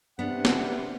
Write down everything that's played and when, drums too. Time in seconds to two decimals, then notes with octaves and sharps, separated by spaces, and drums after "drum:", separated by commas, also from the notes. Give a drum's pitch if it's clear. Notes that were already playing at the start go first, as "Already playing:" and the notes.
0.19 C3 B3 D4 F#5
0.45 drum: snare